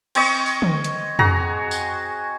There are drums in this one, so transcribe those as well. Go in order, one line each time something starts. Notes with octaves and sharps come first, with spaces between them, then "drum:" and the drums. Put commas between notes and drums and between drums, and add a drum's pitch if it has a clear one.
C4 C#5 D#5 C#6, drum: cymbal
drum: open hi-hat
drum: tom
drum: hi-hat
F#4 G#4 A#5, drum: tom F2
drum: tambourine